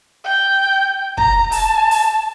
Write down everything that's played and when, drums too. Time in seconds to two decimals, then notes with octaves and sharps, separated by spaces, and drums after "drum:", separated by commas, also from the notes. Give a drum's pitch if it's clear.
0.24 G5
1.17 A#5, drum: kick
1.52 A5, drum: open hi-hat
1.91 drum: open hi-hat